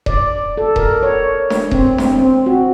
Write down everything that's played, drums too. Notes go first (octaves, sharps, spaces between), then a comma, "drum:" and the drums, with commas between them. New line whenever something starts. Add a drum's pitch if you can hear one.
D5, drum: kick D#1
A4
A#4, drum: kick D#1
C#5
drum: snare D4
C4, drum: kick D#1
drum: snare D4
C4
F#4